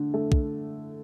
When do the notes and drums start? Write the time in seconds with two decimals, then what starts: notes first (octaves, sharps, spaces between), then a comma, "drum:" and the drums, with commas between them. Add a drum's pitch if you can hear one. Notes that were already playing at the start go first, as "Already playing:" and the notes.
Already playing: D3 A3
0.14 A3
0.32 drum: kick